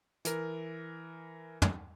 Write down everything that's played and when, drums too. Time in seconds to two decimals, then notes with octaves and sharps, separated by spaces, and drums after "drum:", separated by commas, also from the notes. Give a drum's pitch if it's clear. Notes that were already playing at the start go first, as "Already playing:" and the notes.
0.25 E3 A#4, drum: hi-hat
1.62 drum: tom